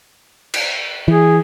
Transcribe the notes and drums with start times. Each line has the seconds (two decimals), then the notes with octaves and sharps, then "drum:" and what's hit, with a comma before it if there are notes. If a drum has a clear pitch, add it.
0.54 drum: cymbal
1.08 E3 G#4